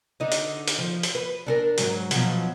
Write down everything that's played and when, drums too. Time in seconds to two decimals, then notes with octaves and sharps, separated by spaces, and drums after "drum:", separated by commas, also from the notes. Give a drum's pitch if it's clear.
0.20 D3 D#4
0.32 drum: hi-hat
0.68 drum: hi-hat
0.78 F3
1.03 drum: hi-hat
1.15 B4
1.47 D4 A4 A#4
1.78 G#2 F#3, drum: hi-hat
2.11 B2 F3 F#3, drum: hi-hat